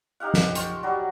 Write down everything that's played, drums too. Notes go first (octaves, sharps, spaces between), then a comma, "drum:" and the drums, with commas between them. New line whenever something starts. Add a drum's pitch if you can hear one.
D#4 G4 F5 F#5
drum: snare
F4 G5 C#6, drum: hi-hat
F#3 G3 F#4